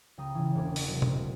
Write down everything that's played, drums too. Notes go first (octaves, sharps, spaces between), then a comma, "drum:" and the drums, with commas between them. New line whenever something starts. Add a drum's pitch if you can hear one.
C#2 G3 G5 A#5 D#6
C#3 E3
E1 C#3 A#3 G#5 D6
drum: open hi-hat
C3 F#3
drum: tom B2